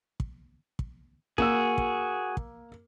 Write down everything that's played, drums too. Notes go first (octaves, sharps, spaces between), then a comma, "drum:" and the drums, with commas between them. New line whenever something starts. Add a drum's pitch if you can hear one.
drum: kick
drum: kick
A#3 F#4 G#4 E6, drum: kick
drum: kick
drum: kick